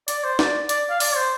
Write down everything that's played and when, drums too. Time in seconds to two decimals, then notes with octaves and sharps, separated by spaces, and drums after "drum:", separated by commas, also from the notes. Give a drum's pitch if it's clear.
0.08 D5, drum: hi-hat
0.24 C5
0.39 D5, drum: snare
0.69 D5, drum: hi-hat
0.90 F5
1.00 D5, drum: open hi-hat
1.16 C5